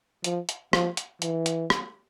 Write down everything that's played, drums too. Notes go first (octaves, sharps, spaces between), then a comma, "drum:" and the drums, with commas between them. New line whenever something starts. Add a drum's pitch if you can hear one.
F3, drum: hi-hat
drum: hi-hat
F3, drum: rim click
drum: hi-hat
E3, drum: hi-hat
drum: hi-hat
drum: rim click